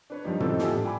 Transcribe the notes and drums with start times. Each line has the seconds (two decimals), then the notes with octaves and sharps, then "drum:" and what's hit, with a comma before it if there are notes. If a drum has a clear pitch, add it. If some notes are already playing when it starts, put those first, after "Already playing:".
0.10 D4 B4 C#5
0.24 G2 F3 G3 D#4
0.40 E3 F3 C4 D#4 F4 A4, drum: tom
0.59 B3 F4 G4 A4 E5 G#5, drum: snare
0.71 A#2 G3 D4
0.84 G5 G#5 B5 D6